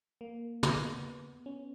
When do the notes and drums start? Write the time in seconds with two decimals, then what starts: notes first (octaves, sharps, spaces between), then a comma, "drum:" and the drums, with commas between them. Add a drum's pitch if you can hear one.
0.21 A#3
0.63 B3, drum: tom
1.46 C#4